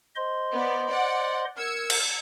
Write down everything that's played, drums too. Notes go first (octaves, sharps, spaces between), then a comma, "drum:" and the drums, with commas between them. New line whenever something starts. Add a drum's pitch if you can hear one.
C5 D#5 C6
B3 D5
D5 F#5
A#4 E6 G#6 C#7
drum: cymbal